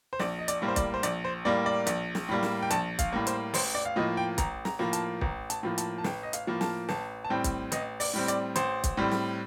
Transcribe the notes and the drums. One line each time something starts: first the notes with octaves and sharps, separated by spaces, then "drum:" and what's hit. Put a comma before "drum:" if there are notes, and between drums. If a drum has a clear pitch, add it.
C5
A#1 D5, drum: snare
D#5
D5, drum: hi-hat
A2 G3 A#3
C5
D5, drum: kick, hi-hat
C5
A#1 D5, drum: hi-hat
C5
A2 G3 A#3 D5
D5
A#1, drum: hi-hat
drum: snare
A2 G3 A#3
drum: snare
G5
A#1 A5, drum: hi-hat
F5, drum: kick, hi-hat
A2 G3 A#3
C5, drum: hi-hat
A1 C5, drum: open hi-hat
D5
F5
A2 F3 A#3 D#5
G5
A1 A#5, drum: kick, hi-hat
A#5, drum: snare
A2 F3 A#3 A#5
A5, drum: hi-hat
A1 A#5, drum: kick
A5, drum: hi-hat
A2 F3 A#3
A5, drum: hi-hat
A5
A1 G5, drum: snare
D#5
F5, drum: hi-hat
A2 F3 A#3
A5, drum: snare
A1 A5, drum: snare
A5
A2 G3 C4 G5
drum: kick, hi-hat
A1 D#5, drum: hi-hat
D5, drum: open hi-hat
A2 G3 C4
D5, drum: hi-hat
A1 C5, drum: hi-hat
drum: kick, hi-hat
A2 G3 C4
drum: snare